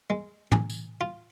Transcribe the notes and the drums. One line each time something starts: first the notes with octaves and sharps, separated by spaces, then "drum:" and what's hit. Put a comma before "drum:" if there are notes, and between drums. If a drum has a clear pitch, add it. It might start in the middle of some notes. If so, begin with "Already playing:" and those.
G#3
G#4, drum: tom A2
drum: tambourine
F4